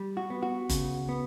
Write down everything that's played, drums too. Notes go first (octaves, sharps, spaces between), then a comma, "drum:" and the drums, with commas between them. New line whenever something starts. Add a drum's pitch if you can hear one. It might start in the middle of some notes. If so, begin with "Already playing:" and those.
Already playing: G3
F#4
B3
F#4
C#3, drum: kick, hi-hat
B3